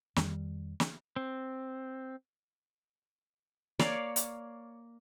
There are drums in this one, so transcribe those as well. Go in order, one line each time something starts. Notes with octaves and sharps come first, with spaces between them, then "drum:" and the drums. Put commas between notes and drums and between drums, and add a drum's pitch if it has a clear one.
F2 D#3 G3, drum: snare
drum: snare
C4
A#3 C#5 D5 F5, drum: snare
drum: hi-hat